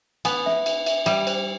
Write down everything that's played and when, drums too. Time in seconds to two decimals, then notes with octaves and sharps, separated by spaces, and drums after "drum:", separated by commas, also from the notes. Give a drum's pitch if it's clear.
0.25 B3 G#5, drum: cymbal
0.46 E5, drum: snare
0.66 E5, drum: cymbal
0.86 E5, drum: cymbal
1.06 G3 E5, drum: cymbal
1.27 C5, drum: cymbal